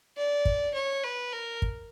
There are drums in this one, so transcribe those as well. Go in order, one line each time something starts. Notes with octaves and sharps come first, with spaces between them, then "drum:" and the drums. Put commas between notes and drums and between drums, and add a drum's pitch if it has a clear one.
D5
drum: kick
C#5
B4
A#4
drum: kick